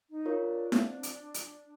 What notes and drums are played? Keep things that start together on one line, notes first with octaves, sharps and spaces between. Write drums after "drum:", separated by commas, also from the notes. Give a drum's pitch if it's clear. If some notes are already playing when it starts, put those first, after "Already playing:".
D#4
F4 A#4 C#5
D4
C4, drum: snare E4
drum: hi-hat
drum: hi-hat